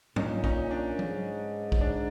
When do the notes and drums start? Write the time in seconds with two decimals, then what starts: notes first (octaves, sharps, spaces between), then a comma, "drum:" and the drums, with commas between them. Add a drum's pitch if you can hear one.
0.16 A#2 C#4 D#4, drum: tom G#2
0.44 C#4 D#4, drum: kick B1
0.71 D4
0.99 G#2, drum: tom
1.72 drum: kick B1
1.81 D4